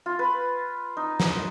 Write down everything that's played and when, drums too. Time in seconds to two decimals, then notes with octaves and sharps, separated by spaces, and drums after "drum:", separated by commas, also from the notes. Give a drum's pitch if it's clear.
0.06 F4
0.19 B4
0.97 D#4
1.20 drum: snare